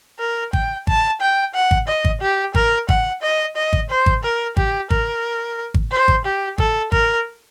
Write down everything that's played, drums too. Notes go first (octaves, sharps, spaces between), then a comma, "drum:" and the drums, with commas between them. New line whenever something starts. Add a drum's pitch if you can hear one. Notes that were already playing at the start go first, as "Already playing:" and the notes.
A#4
G5, drum: kick G#1
A5, drum: kick G#1
G5
F#5
drum: kick G#1
D#5
drum: kick G#1
G4
A#4, drum: kick G#1
F#5, drum: kick G#1
D#5
D#5
drum: kick G#1
C5
drum: kick G#1
A#4
G4, drum: kick G#1
A#4, drum: kick G#1
drum: kick G#1
C5
drum: kick G#1
G4
A4, drum: kick G#1
A#4, drum: kick G#1